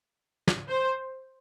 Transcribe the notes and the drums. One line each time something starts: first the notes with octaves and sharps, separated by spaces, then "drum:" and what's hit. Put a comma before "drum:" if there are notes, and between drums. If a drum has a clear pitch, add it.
drum: snare
C5